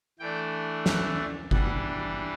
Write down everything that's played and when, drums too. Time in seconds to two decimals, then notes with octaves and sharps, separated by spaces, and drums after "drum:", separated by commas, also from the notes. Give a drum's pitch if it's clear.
0.20 E3 A3 D4 G5
0.86 F#5, drum: snare
1.51 E3 G3 D4 F#5, drum: kick G1